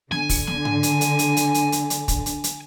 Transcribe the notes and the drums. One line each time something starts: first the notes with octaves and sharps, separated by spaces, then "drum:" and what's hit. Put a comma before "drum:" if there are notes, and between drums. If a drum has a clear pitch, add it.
D3 G#5, drum: snare
drum: kick, open hi-hat
drum: snare
drum: tom G#2
drum: hi-hat
drum: hi-hat
drum: hi-hat
drum: hi-hat
drum: hi-hat
drum: hi-hat
drum: hi-hat
drum: kick, hi-hat
drum: hi-hat
drum: hi-hat